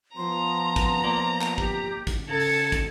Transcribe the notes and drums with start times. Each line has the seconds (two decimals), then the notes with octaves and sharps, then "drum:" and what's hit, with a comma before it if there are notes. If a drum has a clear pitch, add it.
0.17 F3 B3 A#5 C6
0.76 drum: kick, hi-hat
1.04 A#3 D5
1.42 drum: clap
1.58 G4, drum: kick
2.07 drum: kick, hi-hat
2.29 C#3 A4 A5 G#6
2.40 drum: open hi-hat
2.72 drum: kick, hi-hat